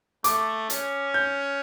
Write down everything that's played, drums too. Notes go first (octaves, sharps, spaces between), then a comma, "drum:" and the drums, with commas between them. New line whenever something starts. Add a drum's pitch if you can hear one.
A3 D6, drum: hi-hat
C#4, drum: hi-hat
G6